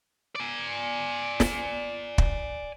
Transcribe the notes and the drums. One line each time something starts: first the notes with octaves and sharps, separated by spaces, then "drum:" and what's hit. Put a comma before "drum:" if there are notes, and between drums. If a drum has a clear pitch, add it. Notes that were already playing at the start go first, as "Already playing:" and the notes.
D5 G#5
drum: snare
drum: kick